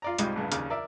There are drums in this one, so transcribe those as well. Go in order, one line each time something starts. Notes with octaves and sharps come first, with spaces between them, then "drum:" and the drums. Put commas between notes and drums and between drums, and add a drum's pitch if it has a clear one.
F4 D5 A#5
C2 G#2 G3 G#3 F4, drum: hi-hat
A1 G2 C#3
D#2 C#3 D4 F6, drum: hi-hat
A#4 D5 E5